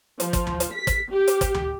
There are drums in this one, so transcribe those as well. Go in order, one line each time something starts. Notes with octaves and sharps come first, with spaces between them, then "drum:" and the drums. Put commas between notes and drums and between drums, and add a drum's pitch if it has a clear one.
F3, drum: hi-hat
drum: kick, hi-hat
drum: tom D2
drum: hi-hat
B6
drum: kick, hi-hat
G4
drum: hi-hat
drum: kick, hi-hat
drum: tom D2